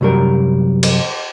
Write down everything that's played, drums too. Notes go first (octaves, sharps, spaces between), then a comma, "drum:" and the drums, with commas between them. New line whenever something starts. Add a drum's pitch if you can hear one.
C2 F#2 F#3 G3 A#4
drum: cymbal